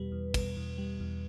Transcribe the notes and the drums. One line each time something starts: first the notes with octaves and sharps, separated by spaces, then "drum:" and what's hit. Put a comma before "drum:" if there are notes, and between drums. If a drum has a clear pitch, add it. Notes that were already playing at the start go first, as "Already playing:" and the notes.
Already playing: E2 B2 G3 B4
E2
B2, drum: kick, cymbal
E2
G3
E2